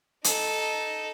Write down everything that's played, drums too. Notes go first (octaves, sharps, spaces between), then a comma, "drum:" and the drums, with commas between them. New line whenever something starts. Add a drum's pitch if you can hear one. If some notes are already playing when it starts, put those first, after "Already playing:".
D#4 A4, drum: hi-hat